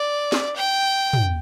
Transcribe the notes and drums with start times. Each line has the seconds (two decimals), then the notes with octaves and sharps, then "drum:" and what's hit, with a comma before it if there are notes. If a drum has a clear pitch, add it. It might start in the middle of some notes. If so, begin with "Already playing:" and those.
Already playing: D5
0.32 drum: snare
0.56 G5
1.13 drum: tom